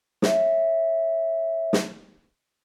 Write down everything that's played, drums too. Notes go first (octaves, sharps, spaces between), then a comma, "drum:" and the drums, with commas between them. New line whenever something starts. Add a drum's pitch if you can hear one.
C#5 E5, drum: snare
drum: snare